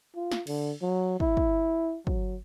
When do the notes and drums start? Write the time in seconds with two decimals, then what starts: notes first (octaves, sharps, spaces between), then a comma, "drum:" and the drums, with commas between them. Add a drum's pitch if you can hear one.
0.16 F4
0.32 drum: snare
0.47 D3, drum: cymbal
0.82 F#3
1.20 E4, drum: kick
1.37 drum: kick
2.07 F#3, drum: kick